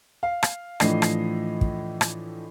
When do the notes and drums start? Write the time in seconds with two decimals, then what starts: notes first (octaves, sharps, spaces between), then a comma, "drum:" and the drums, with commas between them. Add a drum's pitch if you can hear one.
0.23 F5
0.43 drum: rim click
0.80 A2 E3 F3 D4 D#5 C7, drum: rim click
1.02 drum: rim click
1.61 drum: kick
2.01 drum: rim click